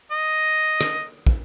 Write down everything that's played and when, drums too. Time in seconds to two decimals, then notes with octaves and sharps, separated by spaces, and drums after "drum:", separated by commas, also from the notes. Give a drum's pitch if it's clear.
0.12 D#5
0.81 drum: rim click
1.27 drum: kick